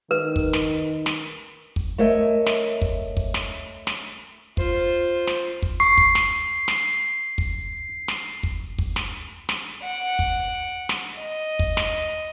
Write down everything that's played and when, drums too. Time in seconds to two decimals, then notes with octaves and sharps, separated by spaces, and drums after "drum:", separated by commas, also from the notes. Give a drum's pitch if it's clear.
0.11 D#3 B4
0.36 drum: kick
0.53 drum: snare
1.06 drum: snare
1.76 drum: kick
1.98 A3 A#4 C#5 D#5 E5
2.46 drum: snare
2.82 drum: kick
3.17 drum: kick
3.34 drum: snare
3.87 drum: snare
4.57 F4 C5, drum: kick
5.27 drum: snare
5.62 drum: kick
5.80 C#6 C7
5.98 drum: kick
6.15 drum: snare
6.68 drum: snare
7.38 drum: kick
8.08 drum: snare
8.43 drum: kick
8.78 drum: kick
8.96 drum: snare
9.49 drum: snare
9.83 F#5 D7
10.19 drum: kick
10.89 drum: snare
11.17 D#5
11.59 drum: kick
11.77 drum: snare